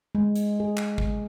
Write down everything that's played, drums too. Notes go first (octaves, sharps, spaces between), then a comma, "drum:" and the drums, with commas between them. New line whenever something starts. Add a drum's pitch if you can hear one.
G#3
drum: hi-hat
G#4
drum: clap
drum: kick G#1